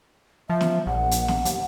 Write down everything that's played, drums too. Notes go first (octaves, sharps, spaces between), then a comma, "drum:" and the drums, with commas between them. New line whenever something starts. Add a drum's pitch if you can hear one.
F3 E5
drum: snare
A#1 F#5
drum: hi-hat
drum: snare
D#2, drum: hi-hat